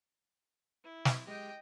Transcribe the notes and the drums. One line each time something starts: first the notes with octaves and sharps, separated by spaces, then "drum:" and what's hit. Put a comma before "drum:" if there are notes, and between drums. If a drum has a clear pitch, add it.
E4
drum: snare
G#3 G4 D#5 G5